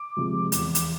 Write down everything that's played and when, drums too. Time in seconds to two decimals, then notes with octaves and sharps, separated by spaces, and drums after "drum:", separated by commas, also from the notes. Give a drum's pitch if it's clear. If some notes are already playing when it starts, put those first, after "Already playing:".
Already playing: D6
0.17 C3 F3 G#3
0.52 E2, drum: hi-hat
0.75 drum: hi-hat